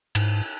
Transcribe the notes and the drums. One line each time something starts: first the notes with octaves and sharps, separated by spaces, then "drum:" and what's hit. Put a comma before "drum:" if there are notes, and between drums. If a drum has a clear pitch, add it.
G#2, drum: cymbal